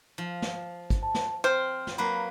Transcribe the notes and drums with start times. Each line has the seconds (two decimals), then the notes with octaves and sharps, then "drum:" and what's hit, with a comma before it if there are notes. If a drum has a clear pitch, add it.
0.18 F3
0.42 drum: snare
0.90 drum: kick G#1, hi-hat
1.03 A5
1.15 drum: snare
1.44 C4 C5 F6
1.87 drum: snare
1.98 F#3 A#3 B4 B5